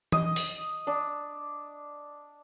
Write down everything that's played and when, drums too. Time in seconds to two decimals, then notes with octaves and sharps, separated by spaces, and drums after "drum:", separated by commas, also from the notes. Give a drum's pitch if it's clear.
0.12 D#5, drum: tom E3
0.36 drum: open hi-hat
0.87 D4